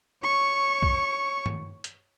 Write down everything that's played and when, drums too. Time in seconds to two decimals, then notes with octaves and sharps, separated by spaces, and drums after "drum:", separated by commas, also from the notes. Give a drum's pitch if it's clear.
0.24 C#5 C#6
0.82 drum: kick
1.46 drum: tom
1.84 drum: hi-hat